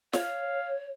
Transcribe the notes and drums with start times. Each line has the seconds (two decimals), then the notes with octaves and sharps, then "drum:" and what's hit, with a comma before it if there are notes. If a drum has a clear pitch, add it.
0.13 C#5 F5, drum: snare